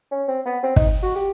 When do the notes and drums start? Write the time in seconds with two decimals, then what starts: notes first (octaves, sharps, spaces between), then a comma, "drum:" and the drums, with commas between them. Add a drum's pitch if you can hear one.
0.11 C#4
0.28 C4
0.46 B3
0.63 C4
0.76 D#4, drum: kick
1.03 F#4
1.16 G4